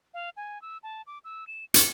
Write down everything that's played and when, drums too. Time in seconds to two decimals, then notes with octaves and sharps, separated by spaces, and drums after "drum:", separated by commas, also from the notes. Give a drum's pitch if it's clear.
0.14 F5
0.37 G#5
0.62 E6
0.83 A5
1.07 D6
1.24 E6
1.47 E7
1.74 C#7, drum: hi-hat